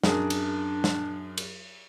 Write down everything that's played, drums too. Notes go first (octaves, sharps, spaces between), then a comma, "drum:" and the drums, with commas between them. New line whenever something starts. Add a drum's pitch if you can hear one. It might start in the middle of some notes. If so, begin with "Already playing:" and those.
F#2 D4 G#4 A#4, drum: snare
drum: cymbal
drum: snare
drum: cymbal